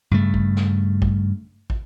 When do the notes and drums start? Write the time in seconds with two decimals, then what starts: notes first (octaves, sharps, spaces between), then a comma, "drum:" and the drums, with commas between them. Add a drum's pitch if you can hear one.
0.11 G2 C#3 A3
0.34 drum: kick
0.57 drum: snare
1.02 drum: kick
1.70 drum: kick